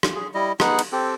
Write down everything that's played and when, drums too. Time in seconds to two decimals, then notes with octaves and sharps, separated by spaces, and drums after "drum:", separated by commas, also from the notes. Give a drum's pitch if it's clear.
0.03 drum: rim click
0.16 G#4
0.34 G3 E4 D#5
0.60 B3 D#4 G#4 F#5, drum: rim click
0.79 drum: cymbal
0.92 C4 G4 A4